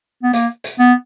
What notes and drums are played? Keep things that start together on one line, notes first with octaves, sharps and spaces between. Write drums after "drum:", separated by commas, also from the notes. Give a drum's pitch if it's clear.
B3
A#3, drum: hi-hat
drum: hi-hat
B3